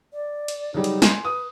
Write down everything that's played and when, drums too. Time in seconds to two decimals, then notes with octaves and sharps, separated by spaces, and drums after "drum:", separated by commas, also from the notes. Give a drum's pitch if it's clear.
0.13 D5
0.48 drum: cymbal
0.74 C#3 F#3 G3 D#4
0.84 drum: cymbal
1.02 G#5 C6, drum: snare
1.25 B4 D#6